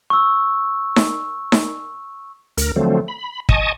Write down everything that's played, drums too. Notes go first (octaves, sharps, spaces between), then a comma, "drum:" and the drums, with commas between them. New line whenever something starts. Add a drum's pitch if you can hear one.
C#6 E6
drum: snare D#4
drum: snare D#4
D2 A#4, drum: hi-hat
D3 F3 F#3 A3 C4
B5
D#5 G#5 A5 C#6 D#6, drum: kick